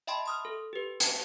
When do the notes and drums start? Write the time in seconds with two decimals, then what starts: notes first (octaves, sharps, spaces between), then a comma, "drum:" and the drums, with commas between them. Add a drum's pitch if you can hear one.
0.07 D#5 E5 G5 A5 B5 C6
0.26 C6 D#6 F6
0.45 A4
0.73 G4 B4
1.00 A5 C#7, drum: hi-hat